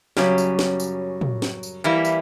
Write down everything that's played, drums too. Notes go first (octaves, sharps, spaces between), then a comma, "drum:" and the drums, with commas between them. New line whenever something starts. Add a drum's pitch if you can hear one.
F#2 C#3 F#3 G3 C#4, drum: snare
drum: tambourine
drum: snare
drum: tambourine
drum: tom
drum: snare
drum: tambourine
E3 G3 A#3 E4
drum: tambourine